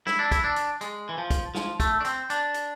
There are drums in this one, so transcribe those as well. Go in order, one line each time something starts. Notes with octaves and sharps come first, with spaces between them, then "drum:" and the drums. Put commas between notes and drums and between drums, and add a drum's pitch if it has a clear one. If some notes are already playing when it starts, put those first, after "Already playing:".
E4, drum: snare
D4
E4, drum: kick, hi-hat
D4
drum: hi-hat
G#3, drum: hi-hat
E3
F3
drum: kick, hi-hat
F3, drum: snare
A3, drum: kick, hi-hat
D4
C4, drum: hi-hat
D4, drum: hi-hat
drum: hi-hat